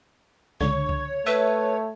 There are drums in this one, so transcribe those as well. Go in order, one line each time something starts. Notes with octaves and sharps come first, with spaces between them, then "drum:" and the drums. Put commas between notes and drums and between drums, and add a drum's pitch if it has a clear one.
C#2 D3 C#5 C#6, drum: kick C#2
drum: kick C#2
A3 B4 E5